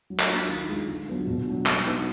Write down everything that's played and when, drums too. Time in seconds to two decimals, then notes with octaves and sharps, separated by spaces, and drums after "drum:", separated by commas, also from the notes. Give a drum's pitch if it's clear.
0.10 F#3
0.20 drum: clap
0.29 A#3 D4 F4
0.49 D#3
0.69 G#3 D4 F4
0.88 D3
1.07 F#3 B3 D4 F4
1.27 B2
1.47 F#3 D4
1.66 F#3, drum: clap
1.86 B3 D#4